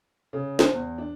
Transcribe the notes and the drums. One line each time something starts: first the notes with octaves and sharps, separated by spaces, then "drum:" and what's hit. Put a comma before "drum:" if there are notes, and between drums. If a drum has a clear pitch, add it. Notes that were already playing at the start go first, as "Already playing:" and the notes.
C#3
C5, drum: snare
E2
D4